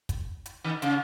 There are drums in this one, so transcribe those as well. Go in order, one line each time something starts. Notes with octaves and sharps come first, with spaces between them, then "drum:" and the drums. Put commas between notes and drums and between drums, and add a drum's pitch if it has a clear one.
drum: kick, hi-hat
drum: hi-hat
D#3
C#3, drum: hi-hat